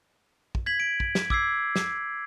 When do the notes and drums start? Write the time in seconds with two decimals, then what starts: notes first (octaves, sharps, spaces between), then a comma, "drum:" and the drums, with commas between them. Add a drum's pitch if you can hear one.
0.55 drum: kick
0.66 G#6 B6 F#7
0.80 D7
1.00 drum: kick
1.15 drum: snare
1.30 D6 E6 G#6 C7, drum: kick
1.76 drum: snare